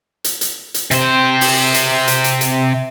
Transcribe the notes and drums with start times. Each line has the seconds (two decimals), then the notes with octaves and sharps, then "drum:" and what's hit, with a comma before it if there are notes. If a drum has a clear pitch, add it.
0.24 drum: hi-hat
0.41 drum: hi-hat
0.74 drum: hi-hat
0.91 C3 C5, drum: hi-hat
1.41 drum: open hi-hat
1.74 drum: hi-hat
2.08 drum: hi-hat
2.24 drum: hi-hat
2.41 drum: hi-hat